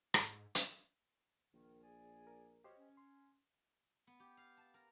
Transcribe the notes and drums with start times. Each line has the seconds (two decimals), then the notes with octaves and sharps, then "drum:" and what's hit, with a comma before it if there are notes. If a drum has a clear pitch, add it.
0.14 G#2, drum: rim click
0.55 drum: hi-hat
1.53 A#1 D#3
1.83 G#4 D5 G#5
2.27 A#4
2.64 F#4 G4 C5 C#5 D#5 F5
2.78 C#4
2.97 C6
4.07 B3
4.20 G4
4.37 F5
4.57 A5
4.74 A#4